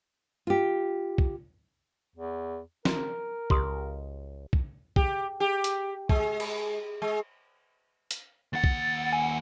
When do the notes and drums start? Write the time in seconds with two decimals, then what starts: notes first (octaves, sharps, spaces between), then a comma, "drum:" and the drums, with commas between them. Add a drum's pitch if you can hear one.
0.47 F4 G4
1.18 drum: kick
2.15 E2
2.85 A#4 C6, drum: snare
3.50 C#2 G4 C6 D#6, drum: kick
4.53 drum: kick
4.96 G4, drum: kick
5.40 G4
5.64 drum: hi-hat
6.09 G#3, drum: kick
6.40 drum: cymbal
7.02 G#3
8.11 drum: hi-hat
8.53 D#2 F#5 A6
8.64 drum: kick
9.12 G#5